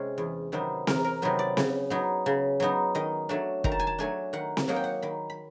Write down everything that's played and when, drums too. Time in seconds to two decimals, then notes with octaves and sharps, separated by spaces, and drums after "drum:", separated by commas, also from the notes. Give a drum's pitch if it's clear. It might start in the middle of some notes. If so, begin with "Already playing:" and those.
Already playing: C3 G#3 C#4
0.18 E2
0.52 C3 D#3 F#3 B3
0.87 E2 A#4, drum: snare C4
1.04 A#4
1.22 C3 D#3 F#3 B3 B4
1.39 D5
1.57 C#3, drum: snare C4
1.90 F#3 B3 D#4
2.26 C#3
2.60 F#3 B3 D#4
2.95 D#3 D#5
3.29 F#3 A3 D4
3.64 D#3 A#5, drum: kick
3.72 A5
3.79 G#5
3.87 A5
3.98 F#3 A3 D4 G#5
4.33 D#3 F#5
4.57 drum: snare C4
4.68 F#3 A#3 D#4 F#5
4.76 G5
4.84 F#5
5.02 D#3 B5
5.30 B5